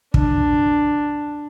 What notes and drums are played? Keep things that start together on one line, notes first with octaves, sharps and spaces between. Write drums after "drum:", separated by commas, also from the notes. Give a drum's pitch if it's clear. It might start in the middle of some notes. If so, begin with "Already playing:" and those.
D4, drum: kick